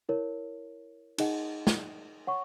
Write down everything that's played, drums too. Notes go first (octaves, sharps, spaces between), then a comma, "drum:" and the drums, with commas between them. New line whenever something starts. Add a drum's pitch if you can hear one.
E4 A#4 C#5
D#4 G#4 D#5 F#5, drum: cymbal
drum: snare
C#5 F#5 C#6